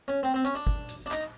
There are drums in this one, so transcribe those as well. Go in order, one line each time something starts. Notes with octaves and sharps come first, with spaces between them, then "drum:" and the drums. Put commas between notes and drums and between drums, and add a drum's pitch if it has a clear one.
C#4
C4
C4
C#4, drum: hi-hat
D4
drum: kick
drum: hi-hat
D4
D#4, drum: clap